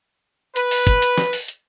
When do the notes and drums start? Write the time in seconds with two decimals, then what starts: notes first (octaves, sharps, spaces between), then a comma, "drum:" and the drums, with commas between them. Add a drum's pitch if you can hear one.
0.56 B4, drum: hi-hat
0.71 drum: open hi-hat
0.87 drum: kick, hi-hat
1.02 drum: hi-hat
1.18 drum: snare
1.33 drum: open hi-hat
1.48 drum: hi-hat